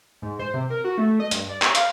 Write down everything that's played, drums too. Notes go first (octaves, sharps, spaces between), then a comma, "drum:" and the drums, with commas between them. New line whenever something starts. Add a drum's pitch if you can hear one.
G#2
C5
C3
A#4
F#4
A3
D#5
G2, drum: hi-hat
D5
C#5, drum: clap
F5, drum: hi-hat